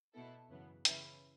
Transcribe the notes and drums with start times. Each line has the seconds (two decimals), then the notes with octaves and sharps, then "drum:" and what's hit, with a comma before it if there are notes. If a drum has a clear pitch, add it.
0.14 B2 B3 E4 A4
0.50 F#2 C#3 E3 B3
0.85 C#3 E3 C#4 E4 B4, drum: hi-hat